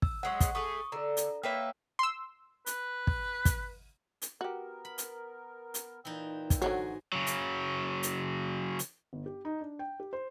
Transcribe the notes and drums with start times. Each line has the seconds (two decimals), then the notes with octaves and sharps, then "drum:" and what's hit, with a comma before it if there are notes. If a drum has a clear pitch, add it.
0.02 E6, drum: kick
0.23 F#3 G#3 C#4 F#5 C#6
0.40 drum: kick, hi-hat
0.55 A3 G#4 C#6 D#6
0.92 D3 A4 A#5
1.17 drum: hi-hat
1.43 A#3 B4 C#5 E5 G5
1.99 C6 E6
2.66 B4, drum: hi-hat
3.07 drum: kick
3.45 drum: kick, hi-hat
4.22 drum: hi-hat
4.41 B3 F#4 G4 A#4
4.85 B5
4.98 drum: hi-hat
5.74 drum: hi-hat
6.05 A#2 E3 D#4 G5 E6
6.50 drum: kick, hi-hat
6.62 G#2 D3 F#3 F#4 G#4 C#5
7.13 C#3 F#3
7.27 drum: hi-hat
8.03 drum: hi-hat
8.79 drum: hi-hat
9.13 G1
9.26 G4
9.45 D#4
9.61 D4
9.79 G5
10.00 G4
10.13 C5